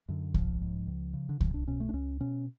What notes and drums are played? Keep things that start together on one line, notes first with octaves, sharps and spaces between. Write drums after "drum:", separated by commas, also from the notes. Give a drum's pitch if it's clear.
F#2 D3
G#1 F3, drum: kick C2
G#2
C#2
C#3
D3
B1 F3, drum: kick C2
D4
B2 C#4
A3
D4
C#2 C#4
B2 C#4